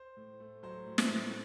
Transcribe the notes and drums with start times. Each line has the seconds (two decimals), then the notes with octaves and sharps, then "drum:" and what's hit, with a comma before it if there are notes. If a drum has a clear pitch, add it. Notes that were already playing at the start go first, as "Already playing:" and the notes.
Already playing: C5
0.17 A2
0.40 A3
0.63 F#3 C5
0.86 A2
0.98 drum: snare
1.09 A2